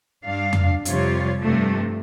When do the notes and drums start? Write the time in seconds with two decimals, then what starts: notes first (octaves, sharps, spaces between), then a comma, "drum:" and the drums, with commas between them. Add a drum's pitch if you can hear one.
0.25 G2 D4 F5
0.53 drum: tom F2
0.85 F2 C3 G3 F4 C#5, drum: hi-hat
1.41 G2 C3 F3 A3